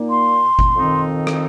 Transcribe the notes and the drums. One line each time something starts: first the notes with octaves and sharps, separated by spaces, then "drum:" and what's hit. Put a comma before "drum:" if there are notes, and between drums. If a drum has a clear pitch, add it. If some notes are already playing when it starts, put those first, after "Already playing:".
Already playing: A#2 A#3 D#4
C6
drum: kick G1
F2 D#3 C4 D#4
drum: rim click